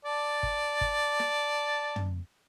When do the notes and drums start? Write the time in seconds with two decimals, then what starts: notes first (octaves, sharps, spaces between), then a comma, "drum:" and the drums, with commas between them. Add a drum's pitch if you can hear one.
0.05 D5 A5
0.43 drum: kick
0.81 drum: kick
1.19 drum: snare
1.96 drum: tom